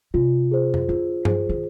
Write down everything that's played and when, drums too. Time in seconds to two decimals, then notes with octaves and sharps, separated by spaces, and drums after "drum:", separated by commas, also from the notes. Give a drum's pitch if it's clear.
0.14 C3 F4
0.51 G#4 C5
0.74 drum: tom F2
0.88 D3 F4
1.25 G#4 C5, drum: tom G2
1.49 D#3